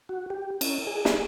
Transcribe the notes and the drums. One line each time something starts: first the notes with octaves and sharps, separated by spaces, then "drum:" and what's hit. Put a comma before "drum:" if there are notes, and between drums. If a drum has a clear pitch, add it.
F#4
G4
C#4, drum: cymbal
G#4
drum: snare